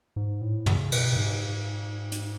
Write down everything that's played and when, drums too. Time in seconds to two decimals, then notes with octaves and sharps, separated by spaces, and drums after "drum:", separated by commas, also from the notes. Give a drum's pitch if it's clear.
0.16 G#2
0.41 A2
0.66 C#3, drum: tom
0.92 B2, drum: cymbal
1.17 G#2
2.12 drum: hi-hat